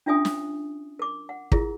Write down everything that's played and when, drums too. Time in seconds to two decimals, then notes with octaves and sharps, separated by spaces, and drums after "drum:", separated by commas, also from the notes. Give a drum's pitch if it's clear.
0.06 C#4 D4 F4 E5 G#5 D#6
0.25 drum: snare
0.99 A#4 D6
1.29 F#5
1.52 E4 F4 G#4 A#4, drum: kick